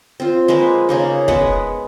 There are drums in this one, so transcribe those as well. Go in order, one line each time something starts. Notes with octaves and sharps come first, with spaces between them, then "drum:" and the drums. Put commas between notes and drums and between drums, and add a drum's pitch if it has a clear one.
C4 F4
G#3 A#3 B4 C5
C#3 A#3 D#4
G#3 B3 B4 F#5, drum: kick